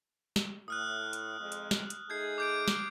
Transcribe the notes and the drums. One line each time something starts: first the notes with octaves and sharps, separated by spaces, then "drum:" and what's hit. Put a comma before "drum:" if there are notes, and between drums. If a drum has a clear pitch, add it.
drum: snare
A2 D#6 F6 F#6
drum: hi-hat
F2 G#3
drum: hi-hat
drum: snare
drum: hi-hat
A3 D#4 G#4 G6 G#6 C7
D6 G6 D7
drum: snare